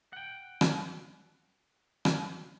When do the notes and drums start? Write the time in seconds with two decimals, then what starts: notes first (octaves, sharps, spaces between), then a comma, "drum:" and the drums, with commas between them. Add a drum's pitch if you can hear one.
0.13 F#5 G5
0.61 drum: rim click
2.05 drum: rim click